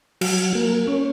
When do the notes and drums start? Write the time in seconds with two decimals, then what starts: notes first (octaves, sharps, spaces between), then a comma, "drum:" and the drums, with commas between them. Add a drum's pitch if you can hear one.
0.21 F#3, drum: cymbal
0.55 A#3
0.88 C#4